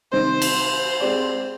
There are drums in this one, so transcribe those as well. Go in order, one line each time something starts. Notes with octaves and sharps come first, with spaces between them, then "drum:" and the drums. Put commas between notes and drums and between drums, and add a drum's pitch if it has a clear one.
C3 D#3 G3 C4 D#4 C5
drum: cymbal
G#3 C4 G4 D5